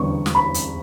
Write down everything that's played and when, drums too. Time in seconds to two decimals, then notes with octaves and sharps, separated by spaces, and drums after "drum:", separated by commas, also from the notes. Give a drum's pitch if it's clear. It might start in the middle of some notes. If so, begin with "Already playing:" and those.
Already playing: E2 D3 G3 B3 D4 C#6
0.26 drum: snare
0.35 B5
0.54 drum: hi-hat